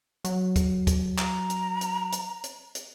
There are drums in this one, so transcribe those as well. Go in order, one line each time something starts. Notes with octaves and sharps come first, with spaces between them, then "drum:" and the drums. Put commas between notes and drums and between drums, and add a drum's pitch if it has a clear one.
F#3, drum: hi-hat
drum: kick, hi-hat
drum: kick, hi-hat
A#5, drum: clap
drum: hi-hat
drum: hi-hat
drum: hi-hat
drum: hi-hat
drum: hi-hat